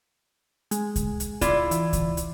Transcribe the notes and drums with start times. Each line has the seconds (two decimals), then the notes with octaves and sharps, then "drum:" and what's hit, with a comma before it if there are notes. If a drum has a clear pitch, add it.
0.71 G#3, drum: hi-hat
0.96 drum: kick C#2, hi-hat
1.20 drum: hi-hat
1.41 E4 F4 D5, drum: kick C#2, hi-hat
1.71 E3, drum: hi-hat
1.93 drum: kick C#2, hi-hat
2.17 drum: hi-hat